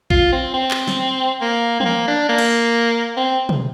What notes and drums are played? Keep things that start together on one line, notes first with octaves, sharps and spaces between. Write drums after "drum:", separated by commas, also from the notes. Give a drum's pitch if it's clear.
F4, drum: kick
C4
C4
drum: clap
drum: snare
A#3
C4, drum: tom E3
A#3
D4
A#3
drum: cymbal
C4
drum: tom